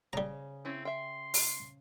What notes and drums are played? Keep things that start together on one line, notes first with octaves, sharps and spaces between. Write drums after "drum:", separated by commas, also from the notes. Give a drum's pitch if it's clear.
C#3 G3 A#5
C4 C#4 E4
E5 G5 C6
drum: open hi-hat